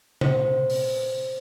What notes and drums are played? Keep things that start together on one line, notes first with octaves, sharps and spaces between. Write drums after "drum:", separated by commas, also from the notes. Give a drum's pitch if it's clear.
C5, drum: tom C3
drum: open hi-hat